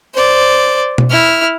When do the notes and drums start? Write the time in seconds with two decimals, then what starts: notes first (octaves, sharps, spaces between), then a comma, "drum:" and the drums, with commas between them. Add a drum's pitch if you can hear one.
0.14 C5 D5
0.98 drum: tom B2
1.10 E4 F6